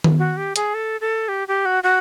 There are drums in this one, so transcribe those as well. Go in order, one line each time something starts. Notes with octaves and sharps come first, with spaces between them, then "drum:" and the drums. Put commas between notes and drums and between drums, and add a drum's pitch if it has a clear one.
drum: tom D#3
F#4
G4
G#4, drum: hi-hat
A4
A4
G4
G4
F#4
F#4